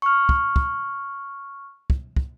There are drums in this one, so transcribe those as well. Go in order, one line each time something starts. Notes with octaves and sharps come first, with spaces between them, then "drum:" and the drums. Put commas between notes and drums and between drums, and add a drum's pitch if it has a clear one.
C#6 F6
drum: kick
drum: kick
drum: kick
drum: kick